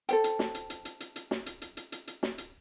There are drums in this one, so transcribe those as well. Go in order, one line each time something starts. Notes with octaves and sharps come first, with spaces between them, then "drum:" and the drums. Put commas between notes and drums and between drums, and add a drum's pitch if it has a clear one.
A4 C5 G5, drum: hi-hat
drum: hi-hat
drum: snare
drum: hi-hat
drum: hi-hat
drum: hi-hat
drum: hi-hat
drum: hi-hat
drum: snare
drum: hi-hat
drum: hi-hat
drum: hi-hat
drum: hi-hat
drum: hi-hat
drum: snare
drum: hi-hat